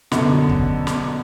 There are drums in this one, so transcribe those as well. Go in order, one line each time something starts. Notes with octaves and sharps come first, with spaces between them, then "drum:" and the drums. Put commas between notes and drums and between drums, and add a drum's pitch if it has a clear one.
F#2 B2 D3, drum: snare
drum: kick
drum: snare